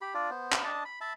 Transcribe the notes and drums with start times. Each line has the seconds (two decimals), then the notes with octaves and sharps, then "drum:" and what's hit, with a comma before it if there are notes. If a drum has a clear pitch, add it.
0.01 G4 B5
0.14 D4 F4 D5
0.31 B3 C5
0.52 drum: clap
0.64 D4 D#5 A5
0.85 B5
1.01 E5 A5 B5